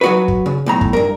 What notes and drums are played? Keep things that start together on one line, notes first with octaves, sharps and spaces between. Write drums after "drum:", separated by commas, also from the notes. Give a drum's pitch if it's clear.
F#3 F#4 B4
drum: kick
C#3
B1 A2 A#5
drum: kick
G2 A#4